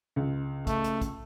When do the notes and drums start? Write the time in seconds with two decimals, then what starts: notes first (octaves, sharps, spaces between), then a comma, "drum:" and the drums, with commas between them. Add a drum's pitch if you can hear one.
0.16 C#2
0.67 A3, drum: kick, hi-hat
0.84 drum: hi-hat
1.01 drum: kick, hi-hat